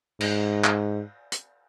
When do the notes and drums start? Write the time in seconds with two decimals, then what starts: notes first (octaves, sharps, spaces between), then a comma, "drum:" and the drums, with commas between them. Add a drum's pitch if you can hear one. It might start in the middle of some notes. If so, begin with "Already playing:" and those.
0.21 G#2, drum: cymbal
0.64 drum: clap
1.32 drum: hi-hat